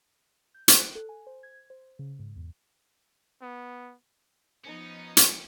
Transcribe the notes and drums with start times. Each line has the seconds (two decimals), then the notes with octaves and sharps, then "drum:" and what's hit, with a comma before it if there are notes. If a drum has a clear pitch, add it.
0.54 G6
0.68 C5, drum: hi-hat
0.79 F#6
0.95 A4
1.09 G#5
1.27 C5
1.43 G#6
1.70 C5
1.99 C#3
2.19 G#2
2.36 E2
3.42 B3
4.64 F3 B3 C#4 D#4
5.17 drum: hi-hat